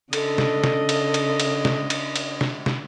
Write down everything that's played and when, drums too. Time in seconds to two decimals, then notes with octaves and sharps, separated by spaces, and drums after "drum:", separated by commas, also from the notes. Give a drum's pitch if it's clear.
0.13 C#3 D4 A4 D#5, drum: cymbal
0.38 drum: snare
0.64 drum: snare
0.89 drum: cymbal
1.14 drum: cymbal
1.40 drum: cymbal
1.65 drum: snare
1.90 drum: cymbal
2.16 drum: cymbal
2.41 drum: snare
2.66 drum: snare